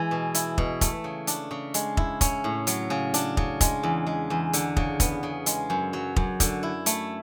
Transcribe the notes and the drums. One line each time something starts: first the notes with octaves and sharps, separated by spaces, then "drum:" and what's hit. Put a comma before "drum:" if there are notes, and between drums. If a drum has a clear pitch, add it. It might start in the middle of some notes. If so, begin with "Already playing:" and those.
Already playing: E3 G#3
B2
E4, drum: hi-hat
B2, drum: kick
A3, drum: kick, hi-hat
C#3
D4, drum: hi-hat
C#3
G#3, drum: hi-hat
E4, drum: kick
C#4, drum: kick, hi-hat
A2
F#3, drum: hi-hat
C#3
D4, drum: hi-hat
C#3, drum: kick
G#3, drum: kick, hi-hat
E2
G#3
E2
D3, drum: hi-hat
C#3, drum: kick
B3, drum: kick, hi-hat
C#3
G#3, drum: hi-hat
F#2
F#3
F#2, drum: kick
D3, drum: kick, hi-hat
E4
A3, drum: hi-hat